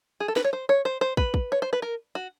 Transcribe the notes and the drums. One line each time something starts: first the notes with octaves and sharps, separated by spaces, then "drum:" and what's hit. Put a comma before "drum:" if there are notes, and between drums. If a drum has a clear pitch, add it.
G#4
A4
B4, drum: snare
C#5
C5
C#5
C5
C5
B4, drum: kick
drum: kick
C#5
C5
B4
A#4
F#4